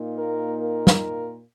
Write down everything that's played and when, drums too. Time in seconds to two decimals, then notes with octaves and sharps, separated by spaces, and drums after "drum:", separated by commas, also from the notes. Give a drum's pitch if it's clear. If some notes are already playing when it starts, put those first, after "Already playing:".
Already playing: A#2 A#3 D#4
0.17 A#4
0.59 A#4
0.87 drum: snare